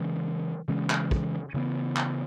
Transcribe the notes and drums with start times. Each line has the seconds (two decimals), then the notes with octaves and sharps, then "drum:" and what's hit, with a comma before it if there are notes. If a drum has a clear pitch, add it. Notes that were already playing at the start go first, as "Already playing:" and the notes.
Already playing: C#3 E3 G#3 C#4
0.68 C#3 E3 G#3 C#4
0.90 drum: clap
1.11 drum: kick
1.54 C#3 E3 B3
1.97 drum: clap